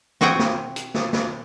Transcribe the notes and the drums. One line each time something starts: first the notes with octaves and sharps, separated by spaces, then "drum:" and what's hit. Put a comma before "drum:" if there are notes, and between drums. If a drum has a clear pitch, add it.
C4 F#4 G#4 F#5 G5, drum: snare
drum: snare
drum: hi-hat
drum: snare
drum: snare